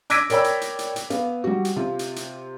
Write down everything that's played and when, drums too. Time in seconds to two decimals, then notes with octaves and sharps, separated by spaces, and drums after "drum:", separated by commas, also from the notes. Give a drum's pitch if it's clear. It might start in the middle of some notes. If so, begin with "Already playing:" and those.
0.10 D6 E6 G#6 A#6 B6 D7, drum: hi-hat
0.30 A#4 C#5 D5 G5 B5 E6, drum: hi-hat
0.44 drum: hi-hat
0.61 drum: hi-hat
0.79 drum: hi-hat
0.96 drum: hi-hat
1.10 B3 F5, drum: hi-hat
1.44 G3 F#4
1.65 drum: hi-hat
1.76 C3 F4
1.99 drum: hi-hat
2.16 drum: hi-hat